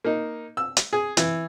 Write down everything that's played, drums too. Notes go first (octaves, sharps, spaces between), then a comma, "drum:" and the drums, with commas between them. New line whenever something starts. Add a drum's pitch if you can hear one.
A#3 D#4
E6
drum: hi-hat
G#4
E3, drum: hi-hat